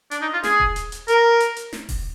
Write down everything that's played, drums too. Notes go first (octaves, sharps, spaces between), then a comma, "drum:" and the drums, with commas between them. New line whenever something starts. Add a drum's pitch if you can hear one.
D4, drum: hi-hat
D#4
F4
G#4, drum: snare
drum: kick D#1
drum: hi-hat
drum: hi-hat
A#4, drum: hi-hat
drum: hi-hat
drum: hi-hat
drum: snare
drum: kick D#1, open hi-hat